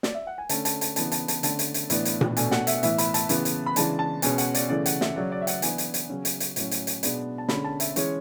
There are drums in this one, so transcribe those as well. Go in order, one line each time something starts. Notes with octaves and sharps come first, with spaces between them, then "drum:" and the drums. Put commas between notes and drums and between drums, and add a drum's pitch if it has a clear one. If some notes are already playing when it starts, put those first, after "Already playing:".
D5, drum: snare
E5
F#5
G#5
D3 A3 C#4 A5, drum: hi-hat
A5, drum: hi-hat
A5, drum: hi-hat
C#3 E3 B3 D4 A5, drum: hi-hat
A5, drum: hi-hat
A5, drum: hi-hat
D3 A3 C#4 A5, drum: hi-hat
drum: hi-hat
drum: hi-hat
A2 E3 B3 D4, drum: hi-hat
drum: hi-hat
drum: tom A#2
B2 A3 D4 G#5, drum: hi-hat
F#5, drum: snare
E5, drum: hi-hat
A2 E3 B3 E5, drum: hi-hat
B5, drum: hi-hat
A5, drum: hi-hat
C#3 E3 B3, drum: hi-hat
drum: hi-hat
B5
C#3 E3 G#3 D4 A5, drum: hi-hat
A5
B2 G#3 C#4 G#5, drum: hi-hat
F#5, drum: hi-hat
D5, drum: hi-hat
C#3 E3 A3 D5
F#5, drum: hi-hat
E5, drum: snare
C#3 F#3 C#4 D5
D5
E5
F#5, drum: hi-hat
E3 B3 D4 G#5, drum: hi-hat
drum: hi-hat
drum: hi-hat
C#3 F#3 C#4
drum: hi-hat
drum: hi-hat
A2 F#3 C#4, drum: hi-hat
drum: hi-hat
drum: hi-hat
B2 G#3 B3 D4, drum: hi-hat
A5
D3 G#3 C#4 B5, drum: snare
A5
E5, drum: hi-hat
E3 G#3 C#4 C#5, drum: hi-hat